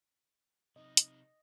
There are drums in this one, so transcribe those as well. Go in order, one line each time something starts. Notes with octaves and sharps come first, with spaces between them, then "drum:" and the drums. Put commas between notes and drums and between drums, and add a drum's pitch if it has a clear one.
C3 D#4 D#5
drum: hi-hat